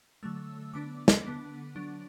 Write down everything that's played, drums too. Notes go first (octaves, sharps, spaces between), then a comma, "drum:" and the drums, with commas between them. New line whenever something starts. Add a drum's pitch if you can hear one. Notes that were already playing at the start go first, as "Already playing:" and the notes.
D3 F#3 A3 E6
D3 B3 D4 D6
drum: snare
D3 B3 D4
F#3 D4